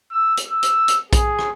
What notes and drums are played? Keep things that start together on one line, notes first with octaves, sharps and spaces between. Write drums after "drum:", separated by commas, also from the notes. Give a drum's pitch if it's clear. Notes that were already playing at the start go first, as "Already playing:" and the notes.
E6
drum: hi-hat
E6
drum: hi-hat
drum: hi-hat
G#4, drum: kick A#1, hi-hat
drum: rim click